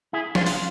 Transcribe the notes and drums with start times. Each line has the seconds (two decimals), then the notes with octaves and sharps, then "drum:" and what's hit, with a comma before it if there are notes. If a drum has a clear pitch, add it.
0.13 E4 G#4
0.35 D4 F4, drum: snare
0.46 F4, drum: open hi-hat